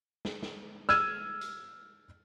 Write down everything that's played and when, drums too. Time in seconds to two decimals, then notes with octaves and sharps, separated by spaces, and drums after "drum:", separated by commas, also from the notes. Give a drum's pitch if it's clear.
0.25 drum: snare
0.43 drum: snare
0.89 E6 F6 G#6 D#7, drum: snare
1.41 drum: hi-hat